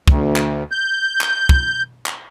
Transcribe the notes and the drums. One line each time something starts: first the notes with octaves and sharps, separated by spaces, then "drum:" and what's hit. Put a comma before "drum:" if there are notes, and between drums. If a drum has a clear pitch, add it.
D2, drum: kick
drum: clap
G6
drum: clap
drum: kick
drum: clap